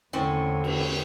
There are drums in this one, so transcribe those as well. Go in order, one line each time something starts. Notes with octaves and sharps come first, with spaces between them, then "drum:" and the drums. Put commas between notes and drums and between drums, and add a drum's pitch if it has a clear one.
E2 A2 D3 C4 C#4
drum: cymbal